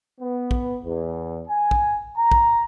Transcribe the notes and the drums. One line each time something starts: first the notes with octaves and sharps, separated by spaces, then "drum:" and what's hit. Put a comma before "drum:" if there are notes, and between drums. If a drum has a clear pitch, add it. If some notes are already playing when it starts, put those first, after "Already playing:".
B3
drum: kick A#1
E2
G#5
drum: kick A#1
A#5
drum: kick A#1